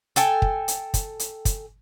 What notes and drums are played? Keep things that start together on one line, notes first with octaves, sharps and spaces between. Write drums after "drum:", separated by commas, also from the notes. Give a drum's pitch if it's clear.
A4 G5 G#5, drum: hi-hat
drum: kick
drum: hi-hat
drum: kick, hi-hat
drum: hi-hat
drum: kick, hi-hat